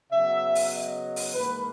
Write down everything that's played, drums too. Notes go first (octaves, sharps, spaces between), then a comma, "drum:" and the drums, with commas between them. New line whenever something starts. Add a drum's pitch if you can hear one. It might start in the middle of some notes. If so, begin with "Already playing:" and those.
C#3 F#3 B3 E5
drum: open hi-hat
D#5
drum: open hi-hat
G#2 E3 A#3 B4